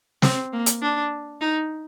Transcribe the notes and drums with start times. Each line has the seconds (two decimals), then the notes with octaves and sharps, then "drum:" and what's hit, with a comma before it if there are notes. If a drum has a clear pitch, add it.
0.22 C4, drum: snare
0.53 A#3
0.66 drum: hi-hat
0.82 D4
1.41 D#4